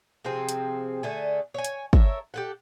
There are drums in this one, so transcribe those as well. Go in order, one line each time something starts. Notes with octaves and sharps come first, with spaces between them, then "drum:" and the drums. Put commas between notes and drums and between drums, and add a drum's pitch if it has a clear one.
C3 F3 C4 G#4
drum: hi-hat
D3 A3 G#4
C#5 G#5
drum: hi-hat
A4 A#4 C#5 E5, drum: kick
G4 A4 F#5